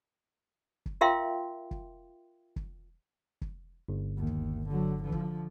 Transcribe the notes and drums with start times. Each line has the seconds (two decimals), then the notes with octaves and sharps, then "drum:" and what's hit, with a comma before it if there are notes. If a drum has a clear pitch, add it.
0.86 drum: kick
1.01 F4 A#4 E5 F5 G5 C6
1.71 drum: kick
2.56 drum: kick
3.41 drum: kick
3.88 G1
4.18 D#2
4.27 drum: kick
4.69 D3 F#3
5.03 D3 F3
5.12 drum: kick